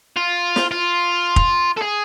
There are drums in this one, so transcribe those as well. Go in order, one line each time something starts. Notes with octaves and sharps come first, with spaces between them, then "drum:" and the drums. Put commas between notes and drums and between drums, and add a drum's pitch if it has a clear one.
F4
drum: snare
F4
drum: kick
A4
G#4